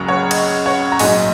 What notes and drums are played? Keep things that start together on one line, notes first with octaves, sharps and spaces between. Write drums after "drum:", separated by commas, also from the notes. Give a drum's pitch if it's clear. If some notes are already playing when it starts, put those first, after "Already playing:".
Already playing: C#2 C#3 F#3 A#3 A#5 C#6 D#6
C#5 F#5
D#5, drum: cymbal
C#5 F#5
A#5
A#1 G#2 F#3 D#5 G#5, drum: open hi-hat